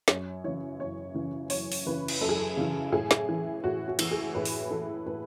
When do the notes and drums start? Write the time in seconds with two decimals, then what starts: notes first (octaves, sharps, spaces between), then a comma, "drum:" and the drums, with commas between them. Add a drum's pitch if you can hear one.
0.08 F#2 C#5, drum: snare
0.44 C#3 E3 C#5
0.79 F#2 C#5
1.14 C#3 E3
1.50 F#2 C#5, drum: open hi-hat
1.72 drum: open hi-hat
1.86 C#3 E3 B4
2.08 drum: cymbal
2.21 F#2 A4
2.29 G#4
2.36 A4
2.57 C#3 E3
2.92 A2 G#4
3.11 drum: snare
3.29 E3
3.64 A2 F#4
3.88 F#4
3.99 E3, drum: cymbal
4.11 G#4
4.35 A2 B4
4.45 drum: open hi-hat
4.70 E3 A4
5.06 A2 B4